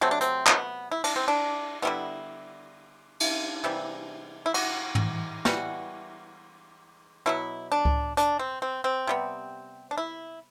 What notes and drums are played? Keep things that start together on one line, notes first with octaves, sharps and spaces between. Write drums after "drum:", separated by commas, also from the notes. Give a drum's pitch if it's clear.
C3 F#3 A3 C4
D4
C4, drum: hi-hat
B3, drum: clap
E4
D4, drum: cymbal
C4
D4
D3 G3 B3 E4
drum: cymbal
C3 E3 G3
E4
F#4, drum: cymbal
drum: tom
E3 G3 B3 F#4, drum: snare
B2 F#3 B3 E4
D4
drum: kick C#2
D4, drum: hi-hat
C4
C4
C4
C3 G3 B3
D4
E4